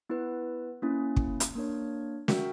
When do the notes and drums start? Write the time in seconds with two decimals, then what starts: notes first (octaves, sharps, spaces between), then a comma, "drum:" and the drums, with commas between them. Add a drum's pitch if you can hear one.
0.09 B3 E4 B4
0.82 A#3 C#4 E4
1.16 drum: kick
1.40 drum: hi-hat
1.55 A#3 D4 A#4 C#5
2.28 F#4 A#4 E5 G5, drum: snare